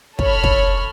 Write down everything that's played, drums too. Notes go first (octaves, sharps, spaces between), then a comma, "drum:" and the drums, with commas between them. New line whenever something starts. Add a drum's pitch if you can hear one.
A4 C#5 B5 F6, drum: kick
drum: kick